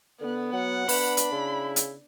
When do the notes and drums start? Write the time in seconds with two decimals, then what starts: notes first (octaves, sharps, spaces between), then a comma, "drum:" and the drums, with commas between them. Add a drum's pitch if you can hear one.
0.21 D3 B3
0.53 F#3 F#5
0.89 B3 D4 B5, drum: open hi-hat
1.17 drum: hi-hat
1.32 C#3 E4
1.76 drum: hi-hat